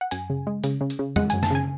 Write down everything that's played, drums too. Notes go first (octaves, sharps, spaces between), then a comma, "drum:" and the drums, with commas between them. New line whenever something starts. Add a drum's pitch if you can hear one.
F#5
F#2 G#5, drum: hi-hat
C#3
G#3
C#3, drum: hi-hat
C#3
drum: hi-hat
C#3
G#3 F#5, drum: tom
F#2 G#5, drum: hi-hat
A5, drum: snare
C#3 G#5